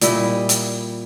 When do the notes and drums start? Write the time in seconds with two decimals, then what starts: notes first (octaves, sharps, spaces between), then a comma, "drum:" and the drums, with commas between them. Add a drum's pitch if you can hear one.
0.01 A#2 G3 E4 D#5, drum: hi-hat
0.49 drum: hi-hat